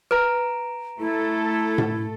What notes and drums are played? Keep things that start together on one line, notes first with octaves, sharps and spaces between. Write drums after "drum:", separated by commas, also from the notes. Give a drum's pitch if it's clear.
B4 A#5 D7
A3 E4 A4
drum: tom A2